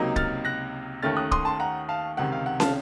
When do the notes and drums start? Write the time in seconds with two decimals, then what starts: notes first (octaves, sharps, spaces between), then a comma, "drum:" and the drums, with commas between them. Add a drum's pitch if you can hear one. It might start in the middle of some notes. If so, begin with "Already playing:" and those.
Already playing: C#2 C3 F#3 A#3 D#4
0.16 F6 A6, drum: kick
0.45 F#6 A#6
1.03 D#2 D#3 A3 C#4 F6 A6
1.17 D#6 F#6
1.31 C6 D#6, drum: kick
1.45 A5 C6
1.60 F#5 A#5
1.89 F5 A5
2.17 C#2 C3 D#3 F#5
2.32 F5
2.46 F#5
2.60 F5 A5, drum: snare